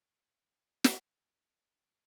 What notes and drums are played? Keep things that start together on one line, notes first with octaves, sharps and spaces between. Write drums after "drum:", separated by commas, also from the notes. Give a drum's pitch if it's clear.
B3 F#5 A5 C6
drum: snare